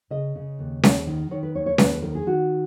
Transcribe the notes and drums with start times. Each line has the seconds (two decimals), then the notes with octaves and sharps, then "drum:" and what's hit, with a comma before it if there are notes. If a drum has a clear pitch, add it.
0.10 C#3 D#5
0.35 C#3
0.59 D#2
0.83 D#2, drum: snare C#4
1.07 D#3
1.31 D#3 C#5
1.43 B4
1.55 D#2 C#5
1.66 C#5
1.78 D#2 B4, drum: snare C#4
1.91 B4
2.02 D#3 A#4
2.15 G#4
2.26 D#3 F#4